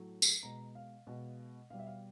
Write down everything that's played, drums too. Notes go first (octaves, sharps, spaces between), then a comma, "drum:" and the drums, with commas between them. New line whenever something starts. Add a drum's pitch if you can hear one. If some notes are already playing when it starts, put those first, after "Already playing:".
Already playing: A2 F#3 A3
drum: tambourine
B2 G#3 A#5
F5
B2 G#3
B2 G3 F5
E5
F5